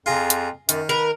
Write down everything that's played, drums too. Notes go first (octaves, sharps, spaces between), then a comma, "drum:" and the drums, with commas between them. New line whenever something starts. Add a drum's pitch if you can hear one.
F2 F4 G#4 A#5
drum: hi-hat
F#2 D#3, drum: hi-hat
A#4 B4